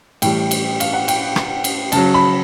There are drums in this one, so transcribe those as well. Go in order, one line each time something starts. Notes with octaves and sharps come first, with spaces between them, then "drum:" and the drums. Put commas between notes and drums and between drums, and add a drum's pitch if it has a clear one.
A2 E3 G3 G5, drum: cymbal
drum: cymbal
F5, drum: cymbal
F#5
G5, drum: cymbal
drum: rim click
drum: cymbal
C#3 F#3 A5, drum: cymbal
B5